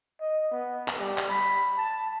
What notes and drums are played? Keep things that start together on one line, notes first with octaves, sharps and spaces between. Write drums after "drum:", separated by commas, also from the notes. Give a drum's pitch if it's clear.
D#5
B3
drum: clap
G3
drum: clap
B5
A5